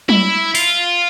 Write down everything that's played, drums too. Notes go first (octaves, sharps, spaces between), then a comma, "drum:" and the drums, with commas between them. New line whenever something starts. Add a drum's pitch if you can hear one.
E4, drum: tom F#3
F4, drum: open hi-hat